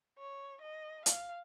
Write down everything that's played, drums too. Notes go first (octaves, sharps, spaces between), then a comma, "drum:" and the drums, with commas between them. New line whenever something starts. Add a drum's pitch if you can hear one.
C#5
D#5
F5, drum: hi-hat